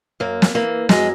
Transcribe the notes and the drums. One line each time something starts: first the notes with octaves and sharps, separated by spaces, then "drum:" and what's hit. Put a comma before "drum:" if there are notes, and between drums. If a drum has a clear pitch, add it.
F#2 A#3
drum: snare
E3 A#3
F#2 G#3, drum: snare